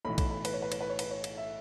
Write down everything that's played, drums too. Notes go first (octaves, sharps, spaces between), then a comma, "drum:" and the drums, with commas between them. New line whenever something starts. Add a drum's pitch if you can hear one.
B1 A2 E3 B5
B5, drum: kick A#1, cymbal
B5
B4, drum: cymbal
C#5
B4
C#5, drum: cymbal
B4
C#5
B4, drum: cymbal
C#5
drum: cymbal
E5